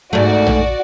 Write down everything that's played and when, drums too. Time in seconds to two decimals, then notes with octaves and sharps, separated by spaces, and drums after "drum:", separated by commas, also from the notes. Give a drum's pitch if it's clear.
0.13 G#2 A3 F#4 D5
0.47 drum: tom A#1